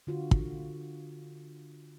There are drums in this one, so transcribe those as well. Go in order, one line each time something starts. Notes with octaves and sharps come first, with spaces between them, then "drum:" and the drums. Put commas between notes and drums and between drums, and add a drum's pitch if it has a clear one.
D3 F4 F#4
drum: kick